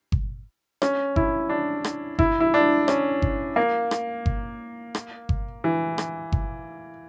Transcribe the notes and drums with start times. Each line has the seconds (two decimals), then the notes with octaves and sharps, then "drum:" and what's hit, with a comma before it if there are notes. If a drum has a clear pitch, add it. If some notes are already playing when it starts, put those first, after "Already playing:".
0.12 drum: kick G1
0.82 C#4, drum: rim click
1.16 E4, drum: kick G1
1.49 D4
1.84 drum: rim click
2.19 E4, drum: kick G1
2.40 E4
2.54 D4
2.88 C#4, drum: rim click
3.22 drum: kick G1
3.56 A#3
3.91 drum: rim click
4.26 drum: kick G1
4.95 drum: rim click
5.29 drum: kick G1
5.64 E3
5.98 drum: rim click
6.32 drum: kick G1